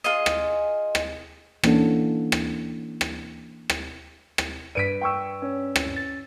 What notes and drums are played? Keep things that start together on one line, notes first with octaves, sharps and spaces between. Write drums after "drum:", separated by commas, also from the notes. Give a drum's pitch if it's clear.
F4 G#4 D#5
drum: rim click
drum: rim click
E3 A#3 C#4 D4 A4 F#5, drum: rim click
drum: rim click
drum: rim click
drum: rim click
drum: rim click
G2 B4 D5 B6 D7 D#7
G5 C#6 E6
C#4
drum: rim click
A6